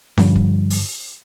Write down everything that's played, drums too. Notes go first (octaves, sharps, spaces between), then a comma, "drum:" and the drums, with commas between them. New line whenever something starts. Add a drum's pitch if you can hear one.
G2 D3 F3 G3, drum: snare C#4
drum: kick
drum: open hi-hat